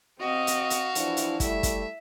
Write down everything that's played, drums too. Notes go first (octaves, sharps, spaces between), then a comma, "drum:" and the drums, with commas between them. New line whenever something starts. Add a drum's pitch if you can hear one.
C4 F#4 D#5 F5
drum: hi-hat
drum: hi-hat
E3 F3 D4 E4, drum: hi-hat
drum: hi-hat
G3 A3 E5, drum: kick, hi-hat
drum: kick, hi-hat